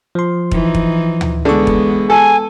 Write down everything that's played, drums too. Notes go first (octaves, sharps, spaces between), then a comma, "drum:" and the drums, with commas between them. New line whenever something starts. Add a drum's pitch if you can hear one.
F3 C6
E3 D#4, drum: kick
drum: kick
drum: tom D2
D3 E3 G#3 B3 G#4 C#6
drum: kick
A4 G#5